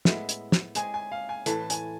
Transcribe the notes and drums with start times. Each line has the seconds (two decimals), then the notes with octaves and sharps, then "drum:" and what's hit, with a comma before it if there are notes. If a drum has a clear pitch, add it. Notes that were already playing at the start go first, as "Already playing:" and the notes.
0.05 A2 G#3 B3 E5, drum: snare
0.29 drum: hi-hat
0.52 drum: snare
0.75 G#3 C4 G#4 G#5, drum: hi-hat
0.94 G#5
1.12 F5
1.29 G#5
1.46 A2 E3 A3 A5, drum: hi-hat
1.70 G#5, drum: hi-hat